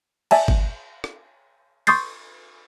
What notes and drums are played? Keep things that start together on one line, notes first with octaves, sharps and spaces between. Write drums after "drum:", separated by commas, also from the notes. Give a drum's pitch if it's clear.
D5 E5 G#5 A5, drum: cymbal
drum: kick G1
drum: rim click
C6 C#6 D#6 G6 A6 C7, drum: cymbal